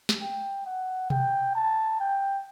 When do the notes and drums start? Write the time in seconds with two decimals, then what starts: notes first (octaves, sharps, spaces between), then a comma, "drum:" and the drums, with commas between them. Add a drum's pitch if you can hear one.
0.09 drum: snare
0.21 G5
0.66 F#5
1.10 G5, drum: tom B2
1.55 A5
2.00 G5